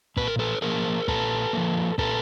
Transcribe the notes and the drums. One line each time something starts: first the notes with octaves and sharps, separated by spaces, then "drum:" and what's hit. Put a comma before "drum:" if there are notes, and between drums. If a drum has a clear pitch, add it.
A#2 B4, drum: kick
A#4
A4 B4
F3 A#3 G#4 A#4
A#2 A4 B4, drum: kick
F3 A#3
A#2 A4 B4, drum: kick